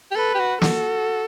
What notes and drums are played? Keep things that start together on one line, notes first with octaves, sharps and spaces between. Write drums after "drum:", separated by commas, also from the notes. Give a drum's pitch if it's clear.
G4
A4 B4
G4
F#4
F#4 A4, drum: snare